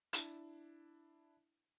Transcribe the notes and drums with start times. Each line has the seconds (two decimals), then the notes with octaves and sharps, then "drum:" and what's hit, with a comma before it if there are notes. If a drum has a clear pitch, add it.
0.13 D4 E4 A5, drum: hi-hat